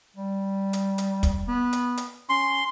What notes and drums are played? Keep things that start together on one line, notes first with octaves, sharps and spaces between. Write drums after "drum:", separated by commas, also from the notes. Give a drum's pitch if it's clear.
G3
drum: hi-hat
drum: hi-hat
drum: kick, hi-hat
B3
drum: hi-hat
drum: hi-hat
C#4 C6